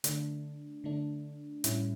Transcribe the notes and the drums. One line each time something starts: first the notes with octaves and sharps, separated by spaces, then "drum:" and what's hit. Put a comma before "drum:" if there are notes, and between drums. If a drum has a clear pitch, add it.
D3 A3 D4, drum: hi-hat
D3 A3 D4
A2 G3 C#4 E4, drum: hi-hat